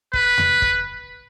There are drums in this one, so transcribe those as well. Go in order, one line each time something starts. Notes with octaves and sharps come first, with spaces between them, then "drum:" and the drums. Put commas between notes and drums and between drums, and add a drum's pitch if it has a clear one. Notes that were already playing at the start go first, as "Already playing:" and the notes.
B4, drum: kick
drum: tom E2
drum: kick